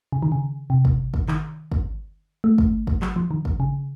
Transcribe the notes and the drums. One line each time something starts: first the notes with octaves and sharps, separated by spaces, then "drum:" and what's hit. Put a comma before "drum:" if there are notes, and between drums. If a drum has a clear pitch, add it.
C#3
D#3
C#3
C3
drum: kick
drum: kick
D#3, drum: clap
drum: kick
A3
drum: kick
drum: kick
F#3, drum: clap
F3
D#3
drum: kick
C#3